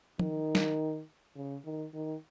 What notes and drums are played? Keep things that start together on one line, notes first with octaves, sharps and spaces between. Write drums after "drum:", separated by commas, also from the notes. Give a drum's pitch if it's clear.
D#3, drum: tom
drum: snare
C#3
D#3
D#3